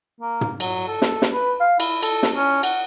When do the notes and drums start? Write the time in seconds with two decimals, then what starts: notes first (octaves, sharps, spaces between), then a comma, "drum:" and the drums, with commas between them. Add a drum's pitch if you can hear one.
0.20 A#3
0.41 drum: tom
0.60 F#3, drum: cymbal
0.88 A4
1.02 drum: snare
1.22 drum: snare
1.33 B4
1.60 F5
1.80 E4, drum: cymbal
2.03 A4, drum: cymbal
2.23 drum: snare
2.36 C#4
2.63 F#5, drum: cymbal